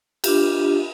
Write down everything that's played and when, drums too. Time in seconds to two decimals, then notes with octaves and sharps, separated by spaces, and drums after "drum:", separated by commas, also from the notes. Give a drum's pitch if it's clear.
0.24 D4 F4 G4, drum: cymbal